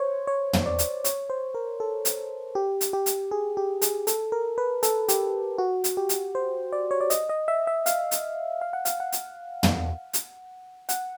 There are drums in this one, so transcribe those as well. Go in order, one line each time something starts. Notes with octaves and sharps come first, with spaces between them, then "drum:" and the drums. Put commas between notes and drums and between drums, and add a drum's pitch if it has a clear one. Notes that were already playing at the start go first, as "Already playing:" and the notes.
Already playing: C5 C#5
C#5
drum: tom
D5
drum: hi-hat
C#5, drum: hi-hat
C5
A#4
A4
drum: hi-hat
G4
drum: hi-hat
G4
drum: hi-hat
G#4
G4
G#4, drum: hi-hat
A4, drum: hi-hat
A#4
B4
A4, drum: hi-hat
G4, drum: hi-hat
F#4
drum: hi-hat
G4
drum: hi-hat
C5
D5
C#5
D5
D#5, drum: hi-hat
D#5
E5
E5
F5, drum: hi-hat
drum: hi-hat
F5
F#5
F5, drum: hi-hat
F#5
drum: hi-hat
drum: tom
drum: hi-hat
F#5, drum: hi-hat